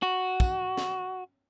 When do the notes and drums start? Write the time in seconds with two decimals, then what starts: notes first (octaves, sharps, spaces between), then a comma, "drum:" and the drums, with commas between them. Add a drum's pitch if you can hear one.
0.03 F#4
0.40 drum: kick, tambourine
0.77 drum: snare